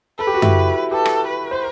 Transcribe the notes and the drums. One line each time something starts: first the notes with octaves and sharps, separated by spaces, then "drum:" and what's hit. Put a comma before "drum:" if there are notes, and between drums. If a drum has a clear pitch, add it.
A4 B4
G4
F#4
E4 G4, drum: tom F#2
G4 A4 B4
drum: rim click
B4
C5